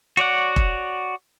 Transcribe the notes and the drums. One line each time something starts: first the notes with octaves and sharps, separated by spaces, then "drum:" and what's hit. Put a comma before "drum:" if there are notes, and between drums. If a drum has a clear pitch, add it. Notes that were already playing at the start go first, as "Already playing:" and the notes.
F#4 C#5 D5 F#5
drum: kick